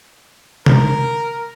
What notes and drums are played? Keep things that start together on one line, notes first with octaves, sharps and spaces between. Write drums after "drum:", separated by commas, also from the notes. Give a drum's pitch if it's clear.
A#4, drum: tom C3